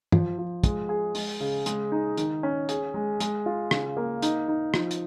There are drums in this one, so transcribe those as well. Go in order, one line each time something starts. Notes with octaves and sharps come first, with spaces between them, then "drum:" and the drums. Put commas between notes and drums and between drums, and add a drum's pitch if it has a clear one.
F3, drum: tom
F3
G#3, drum: kick, hi-hat
G#4
G#3, drum: open hi-hat
C#3
G#3, drum: hi-hat
D#4
D#3, drum: hi-hat
C#4
G#4, drum: hi-hat
G#3
G#3, drum: hi-hat
F4
C#3, drum: rim click
A#3
D#4, drum: hi-hat
D#4
F3, drum: rim click
drum: hi-hat